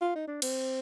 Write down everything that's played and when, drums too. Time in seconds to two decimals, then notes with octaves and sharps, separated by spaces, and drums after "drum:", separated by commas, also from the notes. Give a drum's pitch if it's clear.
0.01 F4
0.15 D#4
0.28 D4
0.42 C4, drum: cymbal